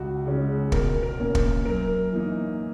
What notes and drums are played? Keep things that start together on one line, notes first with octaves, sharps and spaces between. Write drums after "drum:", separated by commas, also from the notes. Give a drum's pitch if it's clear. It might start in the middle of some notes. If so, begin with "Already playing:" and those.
Already playing: C#2 F#4
C#3 G#3 C#4
B2 A#4, drum: kick
A#4
A#3 C#4
drum: kick
F#2 A#4
E3 A#3 D#4